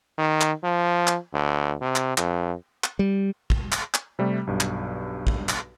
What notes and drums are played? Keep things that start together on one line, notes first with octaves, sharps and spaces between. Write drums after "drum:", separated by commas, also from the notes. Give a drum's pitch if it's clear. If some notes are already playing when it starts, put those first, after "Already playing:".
D#3
drum: clap
F3
drum: clap
D2
C3
drum: clap
F2, drum: clap
drum: clap
G3
drum: kick
drum: clap
drum: clap
C3 G3 A3
B1 G2
drum: clap
drum: kick
drum: clap